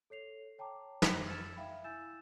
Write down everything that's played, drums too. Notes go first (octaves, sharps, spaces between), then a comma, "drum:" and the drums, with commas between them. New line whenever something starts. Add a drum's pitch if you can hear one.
A4 C#5 C7 F7
C#5 G5 A5 A#5 D6
drum: snare
E6 F6 G#6 A6 C#7 E7
E5 F5 G5 B5
E4 G#5 E6 G6 A6 E7